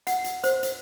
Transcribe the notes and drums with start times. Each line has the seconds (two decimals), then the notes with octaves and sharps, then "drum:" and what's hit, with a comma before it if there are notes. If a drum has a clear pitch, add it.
0.07 F#5, drum: hi-hat
0.24 drum: hi-hat
0.44 C5, drum: hi-hat
0.63 drum: hi-hat